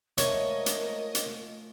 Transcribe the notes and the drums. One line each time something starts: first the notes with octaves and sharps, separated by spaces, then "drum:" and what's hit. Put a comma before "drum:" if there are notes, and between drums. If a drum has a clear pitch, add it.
F3 G#3 A3 A#4 C#5 D#5, drum: hi-hat
drum: hi-hat
drum: hi-hat